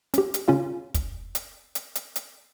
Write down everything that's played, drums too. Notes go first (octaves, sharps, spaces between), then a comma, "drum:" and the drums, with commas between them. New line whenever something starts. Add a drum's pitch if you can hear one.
C#4 G4, drum: hi-hat
drum: hi-hat
C#3 C#4 F4 F5
drum: kick, hi-hat
drum: hi-hat
drum: hi-hat
drum: hi-hat
drum: hi-hat